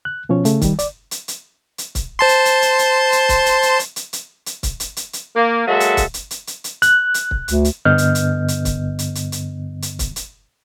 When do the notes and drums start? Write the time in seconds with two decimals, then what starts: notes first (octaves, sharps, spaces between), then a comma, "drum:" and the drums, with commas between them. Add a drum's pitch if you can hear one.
0.05 F#6
0.29 B2 F3 C#4 C#5
0.45 C#3 A3, drum: hi-hat
0.61 D#3 G3, drum: kick C#1, hi-hat
0.79 D5, drum: hi-hat
1.11 drum: hi-hat
1.28 drum: hi-hat
1.78 drum: hi-hat
1.95 drum: kick C#1, hi-hat
2.19 C5 A5 C6
2.28 drum: hi-hat
2.45 drum: hi-hat
2.62 drum: hi-hat
2.79 drum: hi-hat
3.12 drum: hi-hat
3.29 drum: kick C#1, hi-hat
3.46 drum: hi-hat
3.62 drum: hi-hat
3.79 drum: hi-hat
3.96 drum: hi-hat
4.13 drum: hi-hat
4.46 drum: hi-hat
4.63 drum: kick C#1, hi-hat
4.80 drum: hi-hat
4.97 drum: hi-hat
5.13 drum: hi-hat
5.36 A#3
5.68 F#3 G#3 A#3 F#4 A4 E5
5.80 drum: hi-hat
5.97 drum: kick C#1, hi-hat
6.14 drum: hi-hat
6.31 drum: hi-hat
6.47 drum: hi-hat
6.64 drum: hi-hat
6.82 F#6, drum: hi-hat
7.14 drum: hi-hat
7.31 drum: kick C#1
7.48 D2, drum: hi-hat
7.65 drum: hi-hat
7.85 G2 D3 B3 D#5 F6 G6
7.98 drum: hi-hat
8.15 drum: hi-hat
8.48 drum: hi-hat
8.65 drum: kick C#1, hi-hat
8.99 drum: hi-hat
9.15 drum: hi-hat
9.32 drum: hi-hat
9.82 drum: hi-hat
9.99 drum: kick C#1, hi-hat
10.16 drum: hi-hat